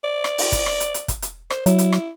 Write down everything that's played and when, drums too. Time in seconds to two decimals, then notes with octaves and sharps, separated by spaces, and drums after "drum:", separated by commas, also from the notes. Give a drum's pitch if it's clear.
0.04 D5
0.24 drum: rim click
0.38 drum: open hi-hat
0.52 drum: kick, hi-hat
0.66 drum: rim click
0.80 drum: hi-hat
0.94 drum: hi-hat
1.08 drum: kick, hi-hat
1.22 drum: hi-hat
1.50 C5, drum: rim click
1.66 F#3 E4, drum: hi-hat
1.78 drum: hi-hat
1.92 drum: rim click